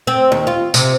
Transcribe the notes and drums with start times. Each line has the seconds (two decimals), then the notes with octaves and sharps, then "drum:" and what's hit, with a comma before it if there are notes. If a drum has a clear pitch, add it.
0.07 C4
0.32 D#2
0.47 F4
0.74 C3, drum: tambourine